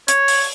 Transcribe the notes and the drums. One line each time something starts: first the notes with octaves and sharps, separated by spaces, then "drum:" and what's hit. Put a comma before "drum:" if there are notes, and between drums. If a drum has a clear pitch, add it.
C#5, drum: hi-hat
drum: open hi-hat